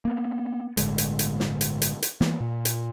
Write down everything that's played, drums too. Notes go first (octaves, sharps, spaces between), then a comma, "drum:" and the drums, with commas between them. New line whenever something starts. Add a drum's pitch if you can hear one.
A#3 B3
G1 A2 D3 G#3, drum: hi-hat
drum: hi-hat
drum: hi-hat
drum: snare
drum: hi-hat
drum: hi-hat
drum: hi-hat
E3 A#3 B3, drum: snare
A#2
drum: hi-hat